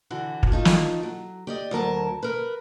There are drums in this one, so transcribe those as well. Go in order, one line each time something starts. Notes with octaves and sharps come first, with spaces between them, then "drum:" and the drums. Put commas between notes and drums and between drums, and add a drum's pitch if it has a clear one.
D3 E3 F#4
drum: kick
A3 D#4 F4
drum: snare
F#3
G4 D5 D#5
D2 F#3 A#4 A5
A#4 B4